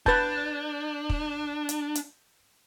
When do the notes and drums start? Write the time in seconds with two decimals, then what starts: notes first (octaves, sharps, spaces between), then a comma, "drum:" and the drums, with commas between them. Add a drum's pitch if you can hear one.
0.06 D4 B4 A5 G6 A6, drum: kick
1.09 drum: kick
1.69 drum: hi-hat
1.95 drum: hi-hat